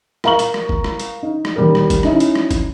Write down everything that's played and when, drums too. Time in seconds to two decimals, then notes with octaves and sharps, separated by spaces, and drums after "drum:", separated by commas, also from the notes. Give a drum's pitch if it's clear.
0.24 A#4 F5 A#5 C#6 F#7, drum: rim click
0.39 drum: hi-hat
0.54 drum: rim click
0.69 drum: kick
0.84 drum: rim click
0.99 drum: hi-hat
1.23 D#4
1.45 drum: rim click
1.56 D#2 G3 A#4
1.75 drum: rim click
1.90 drum: kick, hi-hat
2.03 C#4 D#4 E4, drum: rim click
2.20 drum: hi-hat
2.35 drum: rim click
2.51 drum: kick, hi-hat